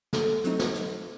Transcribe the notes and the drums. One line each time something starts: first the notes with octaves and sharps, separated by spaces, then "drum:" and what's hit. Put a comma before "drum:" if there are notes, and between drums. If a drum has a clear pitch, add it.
D3 A4, drum: snare
F#3 A3 C4 D#4, drum: hi-hat
drum: snare
drum: hi-hat